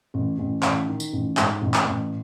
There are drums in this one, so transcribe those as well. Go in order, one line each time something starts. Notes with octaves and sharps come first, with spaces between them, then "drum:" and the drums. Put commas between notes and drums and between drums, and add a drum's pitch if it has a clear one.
A1
A1
A1, drum: clap
D#3
drum: tambourine
A1
G#2, drum: clap
A1
drum: clap
A1